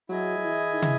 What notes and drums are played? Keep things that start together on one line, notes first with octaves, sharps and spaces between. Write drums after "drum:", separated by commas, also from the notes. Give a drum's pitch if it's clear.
F#3 E4 G#4 D#5
F#3
E3
D#3
E3, drum: tom